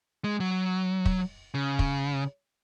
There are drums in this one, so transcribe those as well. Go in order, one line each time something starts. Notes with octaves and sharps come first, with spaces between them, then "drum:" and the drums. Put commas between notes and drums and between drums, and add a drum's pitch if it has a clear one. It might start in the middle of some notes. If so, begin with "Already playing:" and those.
G#3
F#3
drum: kick
C#3
drum: kick